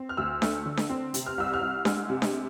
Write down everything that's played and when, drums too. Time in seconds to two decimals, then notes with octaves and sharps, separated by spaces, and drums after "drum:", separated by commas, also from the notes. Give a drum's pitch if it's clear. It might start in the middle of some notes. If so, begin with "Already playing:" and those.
Already playing: C4
0.09 F6
0.17 D2 E6
0.42 A3, drum: snare D4
0.66 D3
0.77 drum: snare D4
0.89 C4
1.14 C3, drum: hi-hat
1.26 F6
1.38 C2 E6
1.54 F6
1.61 C2
1.85 G#3, drum: snare D4
2.10 C3
2.22 drum: snare D4